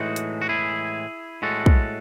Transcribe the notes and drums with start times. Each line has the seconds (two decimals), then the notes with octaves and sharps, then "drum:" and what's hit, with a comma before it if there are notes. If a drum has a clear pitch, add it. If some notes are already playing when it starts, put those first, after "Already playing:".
Already playing: A2 E3 G#3 D#4 F#4
0.16 drum: hi-hat
0.42 F#4
0.49 E4 G#4
1.42 A2 G#3 F#4 A4
1.66 drum: kick